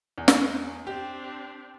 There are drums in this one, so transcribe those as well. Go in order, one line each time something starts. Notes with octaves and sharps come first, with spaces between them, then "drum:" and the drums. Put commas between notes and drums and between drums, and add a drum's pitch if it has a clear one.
E2
drum: snare
C4 D4 G4